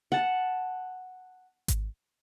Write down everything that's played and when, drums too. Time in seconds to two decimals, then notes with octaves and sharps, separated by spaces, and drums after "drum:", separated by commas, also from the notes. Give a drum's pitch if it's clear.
0.12 F#5 A5
1.68 drum: kick G#1, hi-hat